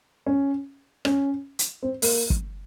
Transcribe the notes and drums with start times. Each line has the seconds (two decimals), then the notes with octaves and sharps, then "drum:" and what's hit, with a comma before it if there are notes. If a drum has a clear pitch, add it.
0.26 C#4
1.05 C#4, drum: rim click
1.59 drum: hi-hat
1.83 C4
2.02 A#3, drum: open hi-hat
2.30 drum: kick